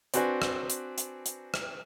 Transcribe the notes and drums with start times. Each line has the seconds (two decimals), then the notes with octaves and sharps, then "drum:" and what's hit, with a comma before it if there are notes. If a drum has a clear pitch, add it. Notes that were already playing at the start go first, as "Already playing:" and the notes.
0.14 C4 D4 F#4 B4 D5 G#5, drum: hi-hat
0.42 drum: rim click
0.70 drum: hi-hat
0.98 drum: hi-hat
1.26 drum: hi-hat
1.54 drum: rim click